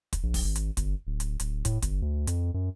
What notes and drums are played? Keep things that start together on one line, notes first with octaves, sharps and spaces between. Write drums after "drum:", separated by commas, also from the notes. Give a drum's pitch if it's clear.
drum: kick, hi-hat
A#1
drum: kick, open hi-hat
G#1
drum: hi-hat
G1, drum: kick, hi-hat
D1
drum: hi-hat
D1, drum: hi-hat
A2, drum: kick, hi-hat
G1, drum: kick, hi-hat
D2
F2, drum: hi-hat
F#2